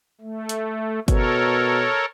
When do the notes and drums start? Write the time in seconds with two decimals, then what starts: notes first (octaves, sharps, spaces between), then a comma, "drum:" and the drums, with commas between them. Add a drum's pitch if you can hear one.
0.21 A3
0.49 drum: hi-hat
1.08 B2 A4 A#4 C#5, drum: kick G1, hi-hat